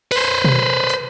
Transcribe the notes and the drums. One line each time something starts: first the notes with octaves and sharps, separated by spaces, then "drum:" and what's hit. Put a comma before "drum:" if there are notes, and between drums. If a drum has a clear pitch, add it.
B4 C5, drum: cymbal
drum: tom B2
drum: hi-hat